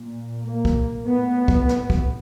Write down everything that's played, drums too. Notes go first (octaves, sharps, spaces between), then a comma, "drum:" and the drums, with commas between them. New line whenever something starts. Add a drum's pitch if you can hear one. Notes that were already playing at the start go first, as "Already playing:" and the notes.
Already playing: A#2
A#3
drum: kick
A2 B3
drum: kick
drum: snare
drum: kick